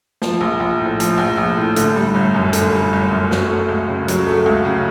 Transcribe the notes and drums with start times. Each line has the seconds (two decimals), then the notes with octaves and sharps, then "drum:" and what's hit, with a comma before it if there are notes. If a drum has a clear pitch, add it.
0.22 F3, drum: snare A3
0.41 A#1
0.60 A#1
0.80 A2
1.00 F3, drum: hi-hat
1.18 A#1
1.38 A#1
1.57 A2
1.76 D3, drum: hi-hat
1.96 G3
2.14 G1
2.35 F#2
2.53 D3, drum: hi-hat
2.72 G3
2.93 G1
3.11 F#2
3.31 F#3, drum: snare A3
3.50 A3
3.69 C#2
3.88 C#3
4.08 F#3, drum: hi-hat
4.27 A3
4.46 C#2
4.65 C#3